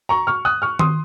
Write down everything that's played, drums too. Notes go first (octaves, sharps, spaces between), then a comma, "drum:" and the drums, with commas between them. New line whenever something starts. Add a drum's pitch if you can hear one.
A#5 C#6
C#6 F6
D#6 F#6
C#6 F6
C6 D#6, drum: tom D#3